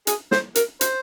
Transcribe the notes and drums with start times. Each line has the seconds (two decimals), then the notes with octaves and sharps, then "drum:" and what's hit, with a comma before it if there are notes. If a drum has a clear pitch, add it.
0.07 G#4, drum: hi-hat
0.31 C5, drum: snare
0.55 A#4, drum: hi-hat
0.81 C5, drum: hi-hat